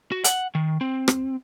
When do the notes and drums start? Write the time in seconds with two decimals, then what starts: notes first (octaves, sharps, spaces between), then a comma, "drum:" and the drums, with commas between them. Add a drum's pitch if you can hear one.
0.12 F#4
0.24 F#5, drum: hi-hat
0.55 D#3
0.81 C4
1.08 drum: rim click